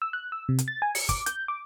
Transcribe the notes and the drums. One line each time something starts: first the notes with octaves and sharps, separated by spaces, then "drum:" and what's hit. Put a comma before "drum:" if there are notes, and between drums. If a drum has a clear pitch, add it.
E6
F#6
E6
C3
drum: hi-hat
A6
G#5
C#7, drum: open hi-hat
D6, drum: kick, hi-hat
G6, drum: hi-hat
D6